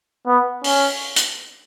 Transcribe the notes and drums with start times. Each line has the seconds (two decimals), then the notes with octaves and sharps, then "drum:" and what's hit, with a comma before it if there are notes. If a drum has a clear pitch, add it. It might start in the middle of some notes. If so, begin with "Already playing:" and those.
0.27 B3
0.64 C#4, drum: open hi-hat
1.16 drum: hi-hat